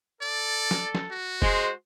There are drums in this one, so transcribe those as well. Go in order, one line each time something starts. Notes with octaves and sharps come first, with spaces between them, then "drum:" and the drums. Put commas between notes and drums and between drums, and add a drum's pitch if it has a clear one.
A4 D5
drum: snare
drum: snare
F#4
G#3 C5, drum: kick F1